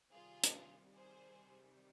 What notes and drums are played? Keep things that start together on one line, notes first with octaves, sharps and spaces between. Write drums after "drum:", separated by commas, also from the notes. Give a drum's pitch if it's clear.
C3 D#3 G3 F4 G#4
drum: hi-hat
G#4 C5